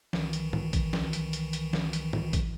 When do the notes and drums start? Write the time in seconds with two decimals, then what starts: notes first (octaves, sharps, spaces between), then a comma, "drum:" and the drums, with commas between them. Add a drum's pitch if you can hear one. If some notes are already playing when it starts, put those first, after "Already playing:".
0.13 C2 D#3 E3, drum: snare F3
0.33 drum: hi-hat
0.53 drum: tom
0.73 drum: kick A#1, hi-hat
0.93 drum: snare F3
1.13 drum: hi-hat
1.33 drum: hi-hat
1.53 drum: hi-hat
1.73 drum: snare F3
1.93 drum: hi-hat
2.13 drum: tom
2.33 drum: kick A#1, hi-hat